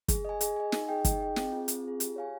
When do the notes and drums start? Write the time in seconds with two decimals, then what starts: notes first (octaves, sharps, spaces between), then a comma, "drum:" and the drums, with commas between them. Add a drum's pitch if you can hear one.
0.08 G#4, drum: kick, hi-hat
0.25 D#5 G#5
0.41 G#4, drum: hi-hat
0.56 D#5 G#5
0.72 D#4, drum: snare
0.89 G#4 D#5 G5
1.05 D#4, drum: kick, hi-hat
1.20 G#4 D#5 G5
1.36 C4, drum: snare
1.52 F4 G#4
1.68 C4, drum: hi-hat
1.84 F4 G#4
2.00 G4, drum: hi-hat
2.16 C#5 F5 G#5